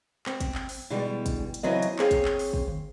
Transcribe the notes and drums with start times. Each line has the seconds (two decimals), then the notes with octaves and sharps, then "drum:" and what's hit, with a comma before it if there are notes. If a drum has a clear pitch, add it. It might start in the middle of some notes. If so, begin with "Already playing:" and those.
0.26 C4, drum: clap
0.40 drum: kick, hi-hat
0.55 drum: clap
0.69 drum: open hi-hat
0.90 B2 D3 E3 G3 G#3
1.26 drum: kick, hi-hat
1.54 drum: hi-hat
1.63 C#3 E3 F#3 C4 D#5
1.82 drum: hi-hat
1.99 A#3 C4 G#4 C5 C#5, drum: clap
2.11 drum: kick, hi-hat
2.25 drum: clap
2.39 drum: open hi-hat
2.53 drum: kick
2.68 drum: tom D3